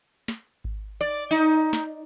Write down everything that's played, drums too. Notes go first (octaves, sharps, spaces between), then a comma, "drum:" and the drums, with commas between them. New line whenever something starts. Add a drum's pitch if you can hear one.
drum: snare
drum: kick G#1
D5
D#4
drum: snare